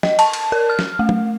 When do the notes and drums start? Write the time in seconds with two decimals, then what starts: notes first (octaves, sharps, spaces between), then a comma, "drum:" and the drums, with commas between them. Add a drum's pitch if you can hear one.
0.03 D#5, drum: snare
0.19 A5, drum: cymbal
0.33 drum: cymbal
0.52 A#4
0.70 F6
0.79 drum: snare
0.99 A3
1.09 drum: tom